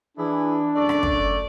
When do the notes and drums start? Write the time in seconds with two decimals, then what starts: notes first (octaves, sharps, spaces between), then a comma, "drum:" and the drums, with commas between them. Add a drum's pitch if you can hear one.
0.17 E3 D4 E4 G#4
0.75 F#2 A3 D5
0.89 drum: rim click
1.03 drum: kick